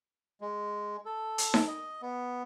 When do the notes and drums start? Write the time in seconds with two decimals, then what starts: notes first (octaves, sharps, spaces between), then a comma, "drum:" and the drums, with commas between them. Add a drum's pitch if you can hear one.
0.41 G#3
1.05 A4
1.38 drum: hi-hat
1.54 drum: snare D#4
1.68 D#5
2.02 B3